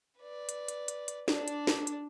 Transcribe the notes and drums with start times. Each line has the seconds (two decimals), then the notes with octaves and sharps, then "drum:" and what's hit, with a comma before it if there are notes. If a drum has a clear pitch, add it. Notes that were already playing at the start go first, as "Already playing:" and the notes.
0.19 B4 D5
0.49 drum: hi-hat
0.68 drum: hi-hat
0.88 drum: hi-hat
1.08 drum: hi-hat
1.28 D4 D5, drum: snare
1.48 drum: hi-hat
1.67 drum: snare
1.87 drum: hi-hat